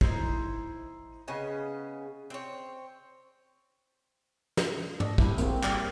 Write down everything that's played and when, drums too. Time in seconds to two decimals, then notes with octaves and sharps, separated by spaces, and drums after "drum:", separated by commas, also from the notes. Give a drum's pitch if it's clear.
0.01 D#4 E4 C5, drum: kick
1.28 C#3 B3 C#4 D#5
2.30 C4 C#5
4.57 drum: snare
5.00 D4 D#5, drum: tom
5.18 G3 E4, drum: kick
5.38 A#3 C4 F#4 G#4, drum: hi-hat
5.63 G3 G4 D5, drum: clap